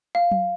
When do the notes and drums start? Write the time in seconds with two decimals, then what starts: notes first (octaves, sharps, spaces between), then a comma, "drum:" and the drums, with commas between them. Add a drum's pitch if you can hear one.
0.15 F5
0.31 drum: tom F#3